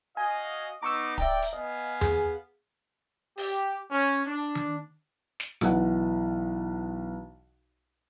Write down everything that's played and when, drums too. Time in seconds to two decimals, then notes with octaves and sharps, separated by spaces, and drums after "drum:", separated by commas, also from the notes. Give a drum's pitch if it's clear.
0.17 F#4 D#5 F5 G#5
0.83 B3 D#4 A#5 C#6 D6 E6
1.18 D5 E5 G5 A#5, drum: kick D1
1.42 drum: hi-hat
1.53 B3 D#5 F5 G#5
2.01 G#4, drum: tom E2
3.38 G4, drum: open hi-hat
3.91 C#4
4.26 D4
4.55 drum: tom D#3
5.40 drum: snare
5.61 B1 E3 F#5, drum: rim click